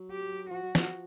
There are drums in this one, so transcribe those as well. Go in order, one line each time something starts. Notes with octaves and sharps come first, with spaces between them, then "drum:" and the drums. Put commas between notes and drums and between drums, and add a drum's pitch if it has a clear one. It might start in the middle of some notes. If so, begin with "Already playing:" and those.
Already playing: F#3
G4
F3 F#4
F#3
F3, drum: snare